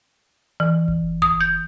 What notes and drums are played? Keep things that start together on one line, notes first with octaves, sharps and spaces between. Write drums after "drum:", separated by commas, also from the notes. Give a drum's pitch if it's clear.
E3
drum: kick F#1
D#6, drum: kick F#1
G6